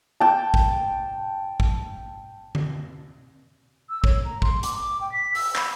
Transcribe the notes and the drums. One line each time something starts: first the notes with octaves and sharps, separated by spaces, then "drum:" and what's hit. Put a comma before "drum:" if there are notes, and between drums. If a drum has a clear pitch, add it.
G5 A5
drum: kick A1
drum: kick A1
drum: tom D3
E6
C#5, drum: kick A1
A#5
C6, drum: kick A1
D6, drum: hi-hat
D6
G5
B6
E6, drum: open hi-hat
B5, drum: clap